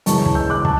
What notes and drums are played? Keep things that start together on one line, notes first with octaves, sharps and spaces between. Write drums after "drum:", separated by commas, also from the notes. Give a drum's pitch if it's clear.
F#2 C#3 E3 A5 C#6, drum: hi-hat
drum: kick
E6 G6
D6 F#6
A5, drum: kick